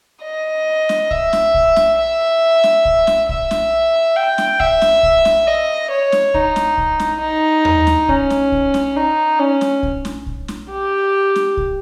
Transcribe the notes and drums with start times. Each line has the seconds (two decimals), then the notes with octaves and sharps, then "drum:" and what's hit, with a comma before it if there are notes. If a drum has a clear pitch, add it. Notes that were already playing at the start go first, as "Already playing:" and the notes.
0.24 D#5
0.89 drum: snare
1.11 E5, drum: kick
1.33 drum: snare
1.55 drum: kick
1.76 drum: snare
1.98 E5
2.64 drum: snare
2.85 drum: kick
3.07 drum: snare
3.29 E5, drum: kick
3.51 drum: snare
4.17 G5
4.38 drum: snare
4.60 E5, drum: kick
4.82 drum: snare
5.03 drum: kick
5.25 drum: snare
5.47 D#5
5.90 C#5
6.12 drum: snare
6.34 D#4, drum: kick
6.56 drum: snare
6.78 drum: kick
7.00 drum: snare
7.21 D#4
7.65 drum: tom E2
7.87 drum: snare
8.09 C#4, drum: kick
8.30 drum: snare
8.52 drum: kick
8.74 drum: snare
8.96 D#4
9.39 C#4
9.61 drum: snare
9.83 drum: kick
10.05 drum: snare
10.27 drum: kick
10.48 drum: snare
10.70 G4
11.36 drum: snare
11.57 drum: kick